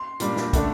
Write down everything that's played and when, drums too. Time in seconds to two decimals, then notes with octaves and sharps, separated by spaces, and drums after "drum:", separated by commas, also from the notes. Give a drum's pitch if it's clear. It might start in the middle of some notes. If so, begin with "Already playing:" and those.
Already playing: C6
0.20 A#2 G3 D4, drum: hi-hat
0.37 drum: snare
0.53 D3 A3 D4, drum: kick, hi-hat